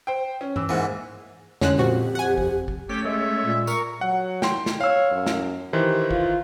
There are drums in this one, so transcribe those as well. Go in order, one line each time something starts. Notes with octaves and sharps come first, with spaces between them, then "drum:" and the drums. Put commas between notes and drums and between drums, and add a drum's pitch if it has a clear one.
C5 G5
C#4
E3 E6, drum: tom G2
G#2 E3 A#3 F#5
F2 D3 G#3 C#4 F#6, drum: snare
A#2 C4 F#4 G4
F#5 G#5
drum: kick G1
drum: kick G1
A3 C#4 G4 B6
G#3 E5
A#2
A#4 C#6, drum: tambourine
F#3 F#5
G5 C6, drum: snare
drum: snare
C#5 F5 E6
F#2
drum: snare
D#3 E3 G4 C5
F4, drum: kick G1